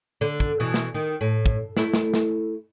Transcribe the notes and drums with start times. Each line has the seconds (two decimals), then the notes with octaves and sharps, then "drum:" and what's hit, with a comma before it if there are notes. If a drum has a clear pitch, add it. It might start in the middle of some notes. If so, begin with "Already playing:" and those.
0.21 D3
0.40 drum: kick
0.60 B2 E3
0.74 drum: snare
0.94 D#3
1.21 A2
1.46 drum: kick
1.77 A3 E4, drum: snare
1.94 drum: snare
2.14 drum: snare